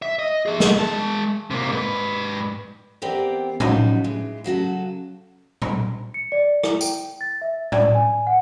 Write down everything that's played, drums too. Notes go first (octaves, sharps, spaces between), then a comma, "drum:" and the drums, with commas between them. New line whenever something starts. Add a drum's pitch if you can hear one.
E5
D#5
G#4 E5
drum: snare
G#3 A5
C3 A#3
G#2 B4
E3 B3 C4 G4 A#4 D5
C#3 F3 F#3 D4 D#4 F#4, drum: tom A2
E3 G#3
C#3 F#3 F#4 A4
drum: tom A#2
C#7
D5
E4, drum: rim click
G5, drum: tambourine
A6
E5
D5, drum: tom A2
G#5
F#5